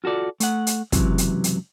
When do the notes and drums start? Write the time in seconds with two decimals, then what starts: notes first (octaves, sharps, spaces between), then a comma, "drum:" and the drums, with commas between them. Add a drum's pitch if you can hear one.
0.04 F4 F#4 A4 D5
0.40 A3 F#5, drum: hi-hat
0.67 drum: hi-hat
0.92 C#2 F#2 C3 E3 F#3, drum: kick, hi-hat
1.18 drum: hi-hat
1.44 drum: hi-hat